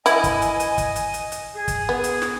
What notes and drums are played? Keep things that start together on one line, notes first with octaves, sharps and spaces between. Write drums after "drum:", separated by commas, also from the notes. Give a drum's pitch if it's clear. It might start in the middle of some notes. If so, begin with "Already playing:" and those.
E3 E4 D#5 G#5, drum: hi-hat
drum: kick, hi-hat
drum: hi-hat
drum: hi-hat
drum: kick, hi-hat
drum: hi-hat
drum: hi-hat
drum: hi-hat
G#4
drum: kick, hi-hat
B3
drum: hi-hat
drum: snare